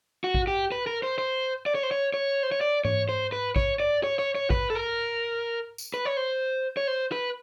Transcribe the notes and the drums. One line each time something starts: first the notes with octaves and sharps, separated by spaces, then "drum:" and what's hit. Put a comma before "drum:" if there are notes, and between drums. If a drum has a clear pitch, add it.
F#4
drum: kick A1
G4
B4
A#4
C5
C5
D5
C#5
C5
C#5
C#5
C5
C#5
D5
C#5, drum: tom G#2
C5
B4
C#5, drum: kick A1
D5
C#5
C#5
C#5
B4, drum: kick A1
A4
A#4
drum: tambourine
B4
C#5
C5
C#5
C5
B4